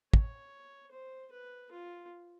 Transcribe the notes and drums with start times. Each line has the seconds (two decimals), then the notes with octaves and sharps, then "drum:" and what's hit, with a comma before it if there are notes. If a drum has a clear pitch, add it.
0.13 C#5, drum: kick
0.92 C5
1.32 B4
1.72 F4